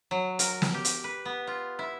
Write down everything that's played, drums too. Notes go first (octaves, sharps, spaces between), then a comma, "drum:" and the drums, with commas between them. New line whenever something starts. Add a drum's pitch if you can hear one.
F#3
A#4, drum: hi-hat
drum: snare
G4
drum: hi-hat
B4
B3
F4
E4